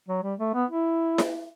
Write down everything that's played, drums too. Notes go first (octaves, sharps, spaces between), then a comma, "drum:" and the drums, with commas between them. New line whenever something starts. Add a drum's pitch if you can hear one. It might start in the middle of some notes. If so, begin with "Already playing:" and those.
F#3
G3
A3
B3
E4
drum: snare E4